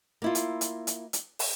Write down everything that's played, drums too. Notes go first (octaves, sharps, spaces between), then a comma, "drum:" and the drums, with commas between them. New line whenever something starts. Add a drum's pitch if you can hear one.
A#3 E4 F4
drum: hi-hat
drum: hi-hat
drum: hi-hat
drum: hi-hat
drum: open hi-hat